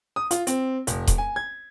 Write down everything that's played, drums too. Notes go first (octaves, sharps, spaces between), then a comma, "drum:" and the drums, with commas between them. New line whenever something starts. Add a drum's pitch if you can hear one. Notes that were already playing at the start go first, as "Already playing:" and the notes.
D#6
F4, drum: hi-hat
C4, drum: hi-hat
F1, drum: hi-hat
drum: kick D#1, hi-hat
G#5
G#6